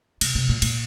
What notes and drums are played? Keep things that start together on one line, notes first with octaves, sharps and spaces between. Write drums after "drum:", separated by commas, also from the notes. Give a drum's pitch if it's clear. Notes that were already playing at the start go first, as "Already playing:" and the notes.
C3, drum: cymbal
C3
A#2
A#2, drum: cymbal